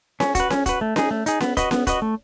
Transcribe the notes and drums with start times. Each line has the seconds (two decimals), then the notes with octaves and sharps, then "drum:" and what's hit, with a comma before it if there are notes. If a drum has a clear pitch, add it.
0.20 C#4, drum: snare C#4
0.35 F#4 B4, drum: kick, hi-hat
0.50 C#4, drum: snare C#4
0.66 F#4 B4, drum: kick, hi-hat
0.81 A3
0.96 D#4 G#4, drum: snare C#4
1.11 A3
1.26 D#4 G#4, drum: hi-hat
1.41 B3, drum: snare C#4
1.57 F#4 B4 D#5, drum: kick, hi-hat
1.71 B3, drum: snare C#4
1.87 F#4 B4 D#5, drum: kick, hi-hat
2.02 A3